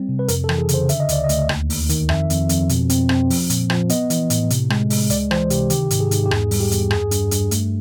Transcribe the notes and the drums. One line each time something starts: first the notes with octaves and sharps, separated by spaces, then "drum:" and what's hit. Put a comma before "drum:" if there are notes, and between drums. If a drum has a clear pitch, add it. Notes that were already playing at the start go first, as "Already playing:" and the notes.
Already playing: G3 C4
C3
B4
F2 A#4, drum: hi-hat
A4
E3, drum: rim click
G#4
C#3, drum: hi-hat
C5
D3 E5, drum: hi-hat
D#5
D2 D5, drum: hi-hat
D#5
D2, drum: hi-hat
D#2, drum: rim click
D#2, drum: open hi-hat
D#3, drum: hi-hat
F2 E5, drum: rim click
F2, drum: hi-hat
F2, drum: hi-hat
B2, drum: hi-hat
C4, drum: hi-hat
C4, drum: rim click
F3, drum: open hi-hat
A#2, drum: hi-hat
F3, drum: rim click
B3 D#5, drum: hi-hat
E3, drum: hi-hat
A2, drum: hi-hat
C3, drum: hi-hat
G#3, drum: rim click
G#3, drum: open hi-hat
C#2 D5, drum: hi-hat
E3 C5, drum: rim click
C3 G4, drum: hi-hat
D#3 G4, drum: hi-hat
G#2, drum: hi-hat
G#4
G#2, drum: hi-hat
G4
E2 G#4, drum: rim click
G3, drum: open hi-hat
G4
E2, drum: hi-hat
G2 G#4, drum: rim click
G2, drum: hi-hat
G2, drum: hi-hat
A3, drum: hi-hat